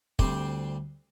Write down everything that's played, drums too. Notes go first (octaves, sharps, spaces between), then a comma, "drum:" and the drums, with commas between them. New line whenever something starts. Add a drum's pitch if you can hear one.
D2 G3 C4 G4 C5, drum: kick